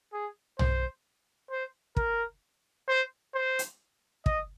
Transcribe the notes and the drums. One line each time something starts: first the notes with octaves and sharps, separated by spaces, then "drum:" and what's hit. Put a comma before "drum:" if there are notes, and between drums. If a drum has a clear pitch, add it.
G#4
C5, drum: tom
C5
A#4, drum: kick
C5
C5
drum: hi-hat
D#5, drum: kick